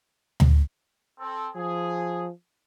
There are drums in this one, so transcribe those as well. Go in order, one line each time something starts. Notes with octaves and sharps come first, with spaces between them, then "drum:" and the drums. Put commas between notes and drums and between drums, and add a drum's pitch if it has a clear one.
drum: tom D2
C4 A4
F3 G#4